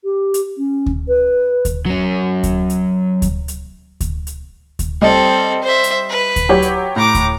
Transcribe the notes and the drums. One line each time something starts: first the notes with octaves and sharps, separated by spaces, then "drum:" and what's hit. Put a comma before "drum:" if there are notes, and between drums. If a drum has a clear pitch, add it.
G4
drum: hi-hat
C#4
drum: kick D2
B4
drum: kick D2, hi-hat
F#3 C#4
drum: kick D2, hi-hat
drum: hi-hat
drum: kick D2, hi-hat
drum: hi-hat
drum: kick D2, hi-hat
drum: hi-hat
drum: kick D2, hi-hat
G3 C4 A4 D#5
C5 E5
drum: hi-hat
B4
drum: kick D2, hi-hat
F#3 G4 C#5
drum: hi-hat
A2 A#5 D6
drum: kick D2, hi-hat